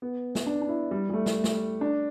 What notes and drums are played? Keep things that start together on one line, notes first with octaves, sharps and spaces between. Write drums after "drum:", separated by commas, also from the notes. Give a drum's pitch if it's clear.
B3
drum: snare
D4
D4
E4
G3
G3
A3
drum: snare
drum: snare
D4